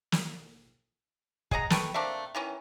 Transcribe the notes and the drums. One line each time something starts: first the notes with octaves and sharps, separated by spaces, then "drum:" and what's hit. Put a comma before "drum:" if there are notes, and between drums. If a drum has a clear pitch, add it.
drum: snare
G#4 D#5 F#5 A#5, drum: kick
A4 B4 G5 C#6, drum: snare
A3 A#3 C4 D4
D#3 E3 C#4